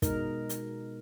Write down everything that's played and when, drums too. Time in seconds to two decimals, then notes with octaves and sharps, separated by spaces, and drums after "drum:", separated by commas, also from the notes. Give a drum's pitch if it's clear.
0.02 B2 G#3 D#4 A#4, drum: kick, hi-hat
0.49 drum: hi-hat